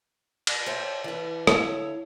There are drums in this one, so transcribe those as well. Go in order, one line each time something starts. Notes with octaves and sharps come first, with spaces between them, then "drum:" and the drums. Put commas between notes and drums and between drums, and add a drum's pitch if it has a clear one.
drum: cymbal
C5 C#5 E5 G5
E3 B4
D2 E4 A4 C#5 E5 F5, drum: rim click